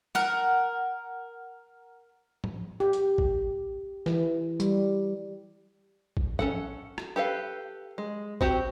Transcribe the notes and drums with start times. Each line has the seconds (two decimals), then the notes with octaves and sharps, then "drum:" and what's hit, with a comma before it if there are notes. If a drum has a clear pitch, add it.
0.15 A#4 F#5, drum: snare
2.44 drum: tom
2.80 G4
2.93 drum: hi-hat
3.18 drum: kick
4.06 E3, drum: snare
4.60 G3, drum: tambourine
6.17 drum: kick
6.39 C#4 A4 F#5, drum: tom
6.98 drum: rim click
7.16 G4 A4 B4 F5
7.98 G#3
8.41 C4 F#4 G4 G5, drum: kick